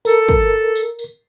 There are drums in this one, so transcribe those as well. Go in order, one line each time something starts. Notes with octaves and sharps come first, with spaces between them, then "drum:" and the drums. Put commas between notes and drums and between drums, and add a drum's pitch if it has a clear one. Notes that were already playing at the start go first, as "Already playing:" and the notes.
A4 A#4, drum: tambourine
drum: kick
drum: tambourine
drum: tambourine